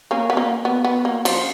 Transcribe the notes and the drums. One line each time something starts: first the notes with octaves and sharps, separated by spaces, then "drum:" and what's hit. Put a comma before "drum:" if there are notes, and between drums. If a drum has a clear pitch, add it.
A#3 C#4
B3
A#3
B3
B3
A#3
F3, drum: cymbal